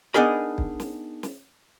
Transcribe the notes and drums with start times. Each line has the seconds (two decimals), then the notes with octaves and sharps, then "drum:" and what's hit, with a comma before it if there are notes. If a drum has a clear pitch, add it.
0.14 B3 D4 D#4 G#4 A#4 B5
0.58 drum: kick
0.80 drum: snare
1.23 drum: snare